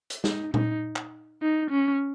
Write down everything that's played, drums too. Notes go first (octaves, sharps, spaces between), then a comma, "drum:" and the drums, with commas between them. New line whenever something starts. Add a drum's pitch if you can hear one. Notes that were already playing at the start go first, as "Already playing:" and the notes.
drum: hi-hat
D#4, drum: snare
D#4, drum: tom A#2
drum: clap
D#4
C#4